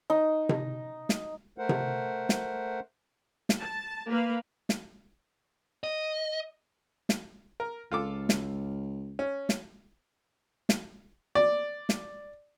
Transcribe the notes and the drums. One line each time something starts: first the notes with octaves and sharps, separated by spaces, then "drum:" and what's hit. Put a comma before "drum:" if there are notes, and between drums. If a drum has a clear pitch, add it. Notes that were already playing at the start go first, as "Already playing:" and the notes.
D#4
drum: tom C3
drum: snare
A3 A#4 C5 F#5
drum: tom C3
drum: snare
drum: snare
A5
A#3 B4 F5
drum: snare
D#5
drum: snare
A#4
C#2 F4 A4 D6
drum: snare
C#4
drum: snare
drum: snare
D5
drum: snare